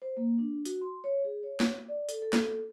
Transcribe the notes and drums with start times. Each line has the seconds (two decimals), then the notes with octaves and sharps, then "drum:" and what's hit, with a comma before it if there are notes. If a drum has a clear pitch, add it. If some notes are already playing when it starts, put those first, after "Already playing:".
0.02 C5
0.17 A#3
0.38 D4
0.65 F#4, drum: hi-hat
0.81 C6
1.04 C#5
1.25 G#4
1.43 C#5
1.60 drum: snare
1.88 D5
2.09 A4, drum: hi-hat
2.22 A4
2.33 drum: snare